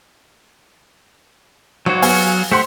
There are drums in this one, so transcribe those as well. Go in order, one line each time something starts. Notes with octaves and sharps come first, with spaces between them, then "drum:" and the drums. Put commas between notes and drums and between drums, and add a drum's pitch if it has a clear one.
G#1 F#3 F#4
B3 F5 G#5, drum: open hi-hat
A3 G4 C5 F#5 C6